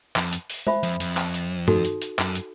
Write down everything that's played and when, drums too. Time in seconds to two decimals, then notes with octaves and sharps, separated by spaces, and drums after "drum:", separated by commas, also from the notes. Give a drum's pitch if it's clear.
0.16 F2, drum: clap
0.33 drum: hi-hat
0.50 drum: open hi-hat
0.67 C5 E5 G#5 B5, drum: tom G#3
0.83 F2, drum: hi-hat
1.00 F2, drum: hi-hat
1.17 drum: clap
1.34 drum: hi-hat
1.68 D#4 F#4 A4, drum: tom
1.85 drum: hi-hat
2.02 drum: hi-hat
2.19 F#2, drum: clap
2.35 drum: hi-hat